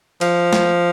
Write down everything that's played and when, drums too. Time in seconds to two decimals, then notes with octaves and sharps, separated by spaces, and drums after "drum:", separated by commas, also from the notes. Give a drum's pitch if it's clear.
0.21 F3, drum: cymbal
0.53 drum: snare